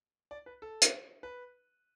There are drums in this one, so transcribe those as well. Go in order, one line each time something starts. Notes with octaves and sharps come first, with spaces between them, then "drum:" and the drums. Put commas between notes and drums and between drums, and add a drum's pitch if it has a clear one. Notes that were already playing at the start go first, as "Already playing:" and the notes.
D5
B4
A4
drum: hi-hat
B4